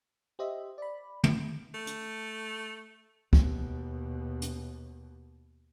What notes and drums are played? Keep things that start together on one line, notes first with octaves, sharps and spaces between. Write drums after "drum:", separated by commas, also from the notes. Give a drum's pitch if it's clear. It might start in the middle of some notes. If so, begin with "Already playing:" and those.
G4 C5 D#5 E5
D5 B5
drum: tom
A3
drum: hi-hat
D#2 B2, drum: kick
drum: hi-hat